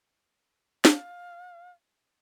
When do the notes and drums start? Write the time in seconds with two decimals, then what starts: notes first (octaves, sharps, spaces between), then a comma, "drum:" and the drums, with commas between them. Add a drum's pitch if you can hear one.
0.85 F5, drum: snare